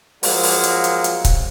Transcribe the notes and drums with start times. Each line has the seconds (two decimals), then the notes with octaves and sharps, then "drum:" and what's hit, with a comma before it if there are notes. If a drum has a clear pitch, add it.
0.23 F3 F#3 G#3 A#3, drum: open hi-hat
0.43 drum: open hi-hat
0.64 drum: hi-hat
0.84 drum: hi-hat
1.04 drum: hi-hat
1.25 drum: kick C#1, hi-hat